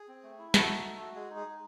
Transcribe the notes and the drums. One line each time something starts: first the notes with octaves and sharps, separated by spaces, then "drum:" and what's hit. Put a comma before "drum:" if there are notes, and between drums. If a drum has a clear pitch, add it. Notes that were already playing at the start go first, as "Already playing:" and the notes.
Already playing: G#4
C4
A3
E4
A3 F#4 A4, drum: snare
D#4
A3
F#4
G#3 G#4
D#4
G#4
G#3